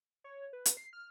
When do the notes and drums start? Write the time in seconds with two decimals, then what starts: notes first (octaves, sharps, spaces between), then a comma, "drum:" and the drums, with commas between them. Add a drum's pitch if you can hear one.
0.24 C#5
0.53 B4
0.66 drum: hi-hat
0.77 C7
0.93 F6